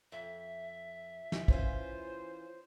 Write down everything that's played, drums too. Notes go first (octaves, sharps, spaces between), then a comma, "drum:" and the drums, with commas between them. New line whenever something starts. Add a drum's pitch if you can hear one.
F2 E5
drum: snare
E3 C#4 F4 C5, drum: kick